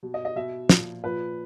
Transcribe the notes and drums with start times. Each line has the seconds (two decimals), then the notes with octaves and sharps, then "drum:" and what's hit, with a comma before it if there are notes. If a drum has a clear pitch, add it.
0.03 B2
0.14 D#5
0.25 D#5
0.36 B2 E5
0.69 A#2 F3, drum: snare
1.03 A#2 F3 B4